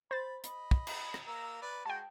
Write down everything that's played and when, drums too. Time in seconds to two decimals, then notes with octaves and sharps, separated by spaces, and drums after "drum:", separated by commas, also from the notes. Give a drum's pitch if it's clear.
0.11 C5 B5 A6
0.44 D#5 B5, drum: hi-hat
0.71 drum: kick
0.87 drum: cymbal
1.14 drum: rim click
1.27 A#3 A#5 E6
1.62 B4 D5
1.86 G#3 F#4 G5 A5